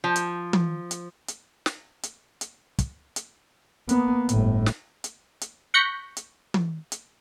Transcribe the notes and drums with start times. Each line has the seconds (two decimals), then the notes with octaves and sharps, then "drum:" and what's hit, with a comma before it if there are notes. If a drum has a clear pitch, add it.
0.04 F3
0.16 drum: hi-hat
0.53 drum: tom
0.91 drum: hi-hat
1.28 drum: hi-hat
1.66 drum: snare
2.03 drum: hi-hat
2.41 drum: hi-hat
2.79 drum: kick, hi-hat
3.16 drum: hi-hat
3.89 A#3 B3, drum: hi-hat
4.29 G1 A2, drum: hi-hat
4.66 drum: snare
5.04 drum: hi-hat
5.41 drum: hi-hat
5.74 C#6 F#6 G6 A#6 B6 C#7
6.17 drum: hi-hat
6.54 drum: tom
6.92 drum: hi-hat